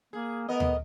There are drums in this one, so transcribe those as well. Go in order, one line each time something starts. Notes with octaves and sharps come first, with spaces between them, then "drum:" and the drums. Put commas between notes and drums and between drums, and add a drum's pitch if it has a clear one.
A#3 G#4
A3 B3 A#4 D#5
drum: tom D2